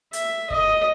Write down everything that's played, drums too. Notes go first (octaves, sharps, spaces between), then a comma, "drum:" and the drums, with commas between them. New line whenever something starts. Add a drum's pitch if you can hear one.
E5, drum: hi-hat
D#5, drum: kick